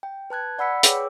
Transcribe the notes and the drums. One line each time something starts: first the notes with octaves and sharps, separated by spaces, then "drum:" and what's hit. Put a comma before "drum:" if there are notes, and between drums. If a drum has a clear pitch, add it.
G5
B4 A5 F#6 G#6
D5 F#5 B5 E6 B6 C#7
G#4 B4 C#5 G5 D6 E6, drum: hi-hat